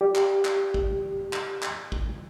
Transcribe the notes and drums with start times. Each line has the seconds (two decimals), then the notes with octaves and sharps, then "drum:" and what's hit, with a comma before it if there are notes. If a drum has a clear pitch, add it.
0.01 G4 D5
0.16 drum: clap
0.45 drum: clap
0.74 drum: kick A1
1.33 drum: clap
1.63 drum: clap
1.92 drum: kick A1